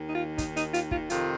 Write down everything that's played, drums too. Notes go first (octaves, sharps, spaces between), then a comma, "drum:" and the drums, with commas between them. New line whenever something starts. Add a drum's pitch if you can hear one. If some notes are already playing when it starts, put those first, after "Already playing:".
Already playing: D#2 D#3
D#4
F4
D#4, drum: kick, hi-hat
D#4, drum: hi-hat
F4, drum: hi-hat
F4, drum: kick
F2 C3 D#3 F4, drum: hi-hat